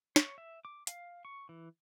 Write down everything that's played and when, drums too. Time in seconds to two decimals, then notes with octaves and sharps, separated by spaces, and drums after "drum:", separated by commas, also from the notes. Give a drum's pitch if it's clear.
0.16 C#5, drum: snare
0.38 E5
0.65 D6
0.87 F5, drum: hi-hat
1.25 C#6
1.49 E3